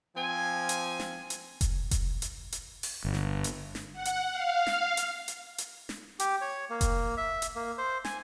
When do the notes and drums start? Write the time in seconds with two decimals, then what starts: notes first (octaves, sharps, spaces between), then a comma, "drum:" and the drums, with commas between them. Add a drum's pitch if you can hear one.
0.17 F3 C4 G#5
0.69 drum: hi-hat
1.00 drum: snare
1.30 drum: hi-hat
1.61 drum: kick F1, hi-hat
1.91 drum: kick F1, hi-hat
2.22 drum: hi-hat
2.52 drum: hi-hat
2.83 drum: open hi-hat
3.05 G1
3.14 drum: snare
3.44 drum: hi-hat
3.75 drum: snare
3.93 F#5
4.05 drum: hi-hat
4.31 F5
4.67 drum: snare
4.97 drum: hi-hat
5.28 drum: hi-hat
5.58 drum: hi-hat
5.89 drum: snare
6.20 G4, drum: hi-hat
6.41 C#5
6.70 A#3
6.81 drum: kick F1, hi-hat
7.17 E5
7.42 drum: hi-hat
7.56 A#3
7.78 C5
8.05 G#5, drum: snare